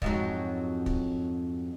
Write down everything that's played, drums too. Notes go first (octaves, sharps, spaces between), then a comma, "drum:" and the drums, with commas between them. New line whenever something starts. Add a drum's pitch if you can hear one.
F2 G#2 F#3, drum: kick
drum: kick